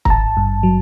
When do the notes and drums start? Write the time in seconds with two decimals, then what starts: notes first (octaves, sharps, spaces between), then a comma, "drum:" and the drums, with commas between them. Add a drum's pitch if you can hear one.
0.05 A#5, drum: kick
0.10 G#1 A5
0.37 G2
0.63 F#3